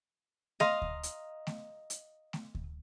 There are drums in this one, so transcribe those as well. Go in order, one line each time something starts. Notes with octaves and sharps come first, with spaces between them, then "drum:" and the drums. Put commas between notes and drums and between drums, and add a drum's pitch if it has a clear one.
D#5 F5 A#5 C6, drum: snare A3
drum: kick D2
drum: hi-hat
drum: snare A3
drum: hi-hat
drum: snare A3
drum: kick D2